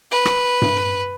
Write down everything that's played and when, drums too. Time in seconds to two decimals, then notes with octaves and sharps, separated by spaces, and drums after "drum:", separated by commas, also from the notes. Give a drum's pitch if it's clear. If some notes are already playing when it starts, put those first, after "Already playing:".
0.11 B4
0.25 drum: rim click
0.62 drum: tom G2